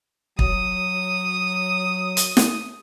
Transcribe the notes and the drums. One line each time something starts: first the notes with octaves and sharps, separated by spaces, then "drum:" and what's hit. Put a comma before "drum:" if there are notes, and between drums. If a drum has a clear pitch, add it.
F#3 D#6, drum: kick
drum: hi-hat
drum: snare